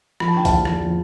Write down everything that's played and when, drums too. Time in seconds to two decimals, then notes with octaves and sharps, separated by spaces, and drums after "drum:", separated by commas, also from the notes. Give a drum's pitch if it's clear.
0.20 F3 B5, drum: rim click
0.28 A5
0.36 D3 G5
0.45 F5 A5, drum: kick C2, hi-hat
0.51 E2
0.65 E2, drum: rim click
0.81 F3